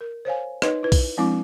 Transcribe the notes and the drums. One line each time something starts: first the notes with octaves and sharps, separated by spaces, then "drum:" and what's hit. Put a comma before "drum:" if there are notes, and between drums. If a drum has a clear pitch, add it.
A#4
C5 C#5 F5 G#5
D#4 B4 C#5 D#5, drum: rim click
E4 B4
drum: kick B1, open hi-hat
F3 G#3 C4 D4 E4 D6